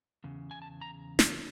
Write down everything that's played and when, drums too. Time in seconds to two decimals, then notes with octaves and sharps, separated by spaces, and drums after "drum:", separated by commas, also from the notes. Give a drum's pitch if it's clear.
0.24 E2 C#3
0.51 G#5
0.62 A5
0.81 A#5
1.19 drum: snare